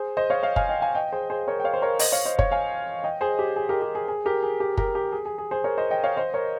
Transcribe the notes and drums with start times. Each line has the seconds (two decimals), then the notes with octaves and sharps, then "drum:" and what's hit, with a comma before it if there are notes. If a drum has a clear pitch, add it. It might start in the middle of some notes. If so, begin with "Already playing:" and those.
Already playing: G#4 C5
0.17 C5 D#5
0.30 C#5 F5
0.43 C#5 F5
0.56 F5 G#5, drum: kick
0.69 D#5 G5
0.82 F5 G#5
0.95 D#5 G5
1.12 G#4 C5
1.30 G#4 C5
1.47 A#4 C#5
1.60 G5
1.64 C#5 F5
1.74 C5
1.82 A#4 C#5
1.99 C5 D#5, drum: open hi-hat
2.12 C#5 F5
2.25 C5 D#5
2.39 C#5 F5, drum: kick
2.51 F5 G#5
3.04 D#5 G5
3.21 G#4 C5
3.39 G4
3.56 G#4
3.69 G4 A#4
3.82 G4
3.95 G#4
4.08 G#4
4.25 G4 A#4
4.43 G#4
4.60 G4
4.77 G4 A#4, drum: kick
4.95 G4
5.12 G#4
5.25 G#4
5.38 G#4
5.51 G#4 C5
5.64 A#4 C#5
5.78 C5 D#5
5.91 D#5 G5
6.04 C#5 F5
6.17 C5 D#5
6.34 A#4 C#5